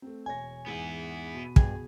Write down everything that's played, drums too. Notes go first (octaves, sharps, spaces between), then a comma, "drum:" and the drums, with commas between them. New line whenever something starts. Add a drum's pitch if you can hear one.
A3 C4
E1 C#5 G#5 A#6
E2 G#2 B3 E4
B2 B5 D#7
G2 G#4, drum: kick